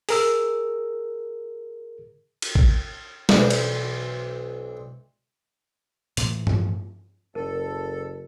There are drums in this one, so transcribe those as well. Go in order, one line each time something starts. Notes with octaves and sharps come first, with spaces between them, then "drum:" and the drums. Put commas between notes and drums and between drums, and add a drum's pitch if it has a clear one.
G#4 A#4 E6, drum: open hi-hat
drum: cymbal
drum: kick G#1
B1 E3 D4 C5, drum: snare
drum: cymbal
A2 E3 F3 A3, drum: hi-hat
drum: tom G2
F#1 A4 A#4